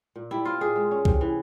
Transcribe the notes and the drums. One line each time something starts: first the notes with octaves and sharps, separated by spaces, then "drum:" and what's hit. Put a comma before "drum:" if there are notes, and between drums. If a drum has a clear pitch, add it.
A#2
G3 E4
C4 F4
A#2 G#4
G#3
C#4
C3, drum: kick C2
E3